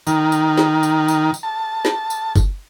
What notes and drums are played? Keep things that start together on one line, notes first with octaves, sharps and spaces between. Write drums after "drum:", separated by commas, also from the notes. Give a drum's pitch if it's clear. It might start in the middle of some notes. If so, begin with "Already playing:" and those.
D#3, drum: tambourine
drum: tambourine
drum: snare
drum: tambourine
drum: tambourine
drum: tambourine
A5
drum: snare
drum: tambourine
drum: kick G1, tambourine